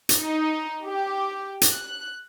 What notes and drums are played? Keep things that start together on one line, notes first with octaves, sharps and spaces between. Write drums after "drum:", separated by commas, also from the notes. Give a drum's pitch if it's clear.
drum: hi-hat
D#4
G4
drum: hi-hat
F#6